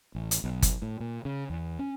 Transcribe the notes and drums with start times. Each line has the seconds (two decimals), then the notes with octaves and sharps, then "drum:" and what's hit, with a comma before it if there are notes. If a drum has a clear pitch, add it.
0.15 A1
0.31 drum: hi-hat
0.44 B1
0.62 drum: kick G1, hi-hat
0.82 A2
1.00 A#2
1.25 C#3
1.50 E2
1.79 C#4